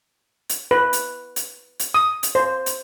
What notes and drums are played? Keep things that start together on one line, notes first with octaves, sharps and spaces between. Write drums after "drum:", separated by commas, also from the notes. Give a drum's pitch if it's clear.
drum: hi-hat
B4
drum: hi-hat
drum: hi-hat
drum: hi-hat
D#6
drum: hi-hat
C5
drum: hi-hat